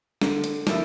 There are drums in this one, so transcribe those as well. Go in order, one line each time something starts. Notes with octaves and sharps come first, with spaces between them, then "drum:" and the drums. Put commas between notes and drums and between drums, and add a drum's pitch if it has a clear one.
D3, drum: snare
drum: hi-hat
F3 A#3 E4, drum: snare